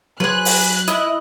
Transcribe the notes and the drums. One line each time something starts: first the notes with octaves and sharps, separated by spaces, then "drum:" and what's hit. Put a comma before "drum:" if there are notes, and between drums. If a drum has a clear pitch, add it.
F#3 G#4 B4 C5 F#6
drum: open hi-hat
E4 D#5, drum: hi-hat